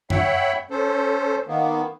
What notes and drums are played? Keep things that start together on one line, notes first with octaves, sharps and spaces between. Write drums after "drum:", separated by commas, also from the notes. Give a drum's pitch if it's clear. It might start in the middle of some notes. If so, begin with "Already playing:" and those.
C#5 E5 F#5 G5 B5, drum: tom F2
C#4 A4 C5
D#3 A#3 B3